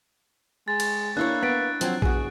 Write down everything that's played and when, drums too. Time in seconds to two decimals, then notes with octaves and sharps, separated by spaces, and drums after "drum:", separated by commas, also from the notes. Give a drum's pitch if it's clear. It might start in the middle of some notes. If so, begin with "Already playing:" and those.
0.68 G#3 A6
0.80 drum: cymbal
1.17 A#3 D4 E4 C#5 F#6
1.43 B3 F#6 A6 D7
1.81 F3 F#3 C4, drum: hi-hat
2.02 B2 F#4 G#4, drum: kick A#1